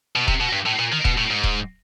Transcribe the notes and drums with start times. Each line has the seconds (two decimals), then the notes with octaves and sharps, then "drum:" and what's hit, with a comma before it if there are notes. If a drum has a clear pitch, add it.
0.16 B2
0.28 C3, drum: kick D#1
0.40 B2
0.53 G2
0.66 A2
0.79 A#2
0.92 D#3
1.05 B2, drum: kick D#1
1.18 A2
1.30 G#2
1.44 drum: kick D#1